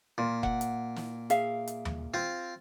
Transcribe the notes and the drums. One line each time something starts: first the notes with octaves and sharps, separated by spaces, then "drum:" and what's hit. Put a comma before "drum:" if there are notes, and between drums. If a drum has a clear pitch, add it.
A#2 F4
F#5, drum: kick F1
drum: hi-hat
drum: snare
G#4 E5 F5, drum: hi-hat
drum: hi-hat
drum: tom D#2
C4 F4